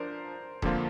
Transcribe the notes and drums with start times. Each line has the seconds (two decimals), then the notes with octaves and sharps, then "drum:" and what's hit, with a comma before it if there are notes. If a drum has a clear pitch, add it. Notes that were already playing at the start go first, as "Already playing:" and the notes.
Already playing: F3 D4 A#4 C5 D5
0.62 F2 D3 F3 A#3 F4, drum: kick D#1